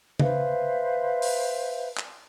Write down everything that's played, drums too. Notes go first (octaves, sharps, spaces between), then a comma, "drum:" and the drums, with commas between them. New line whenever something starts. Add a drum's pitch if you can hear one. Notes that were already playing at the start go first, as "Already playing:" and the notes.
B4 C5 E5 F5, drum: tom C#3
drum: open hi-hat
drum: clap